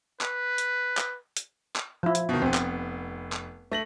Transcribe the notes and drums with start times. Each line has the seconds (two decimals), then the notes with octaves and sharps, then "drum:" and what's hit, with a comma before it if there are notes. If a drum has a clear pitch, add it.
0.21 B4, drum: clap
0.58 drum: hi-hat
0.97 drum: clap
1.37 drum: hi-hat
1.76 drum: clap
2.03 F3 E4
2.15 drum: hi-hat
2.29 B2 D#3
2.42 F1 B3 C4
2.54 drum: clap
3.32 drum: clap
3.72 A3 A#6 F#7